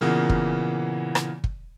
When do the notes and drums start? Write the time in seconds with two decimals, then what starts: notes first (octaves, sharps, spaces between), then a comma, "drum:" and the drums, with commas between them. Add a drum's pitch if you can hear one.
0.01 A#2 C#3 E3 A#3 B3
0.29 drum: kick
1.15 drum: rim click
1.44 drum: kick